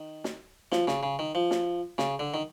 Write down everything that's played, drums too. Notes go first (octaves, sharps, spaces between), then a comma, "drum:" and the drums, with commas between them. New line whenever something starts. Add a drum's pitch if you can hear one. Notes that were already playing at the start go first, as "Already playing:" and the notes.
Already playing: D#3
drum: snare
F3, drum: snare
C#3, drum: snare
C#3
D#3
F3
drum: snare
C#3, drum: snare
D3
D#3